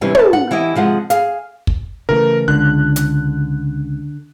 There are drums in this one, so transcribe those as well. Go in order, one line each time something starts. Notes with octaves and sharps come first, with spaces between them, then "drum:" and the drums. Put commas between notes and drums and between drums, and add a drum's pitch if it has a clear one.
C3 E3 G3 C#4 D4
E5 A5, drum: tom
F#5
E3 E4 G4 D#5
C3 F3 G#3 F#5
G#4 F5, drum: hi-hat
drum: kick
C#3 E3 A3 A#4
C#2 D3 F#6
drum: hi-hat